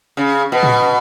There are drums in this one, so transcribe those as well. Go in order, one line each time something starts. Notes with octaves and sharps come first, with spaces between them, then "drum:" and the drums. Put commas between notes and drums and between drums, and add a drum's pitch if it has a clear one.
C#3
B2
drum: tom